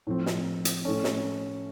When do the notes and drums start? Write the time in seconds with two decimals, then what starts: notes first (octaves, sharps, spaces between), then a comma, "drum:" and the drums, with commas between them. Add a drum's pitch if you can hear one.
0.07 A2 F3 C4
0.26 drum: snare
0.65 drum: hi-hat
0.85 A2 A3 C#4
1.04 drum: snare